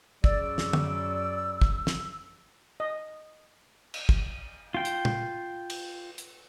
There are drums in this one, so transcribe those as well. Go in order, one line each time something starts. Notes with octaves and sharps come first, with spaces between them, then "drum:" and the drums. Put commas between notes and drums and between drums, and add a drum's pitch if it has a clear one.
F#2 C#3 D5 E6, drum: kick
drum: snare
drum: tom
drum: kick
drum: snare
D#5
drum: cymbal
drum: kick
F4 G5
drum: hi-hat
drum: tom A#2
drum: cymbal
drum: hi-hat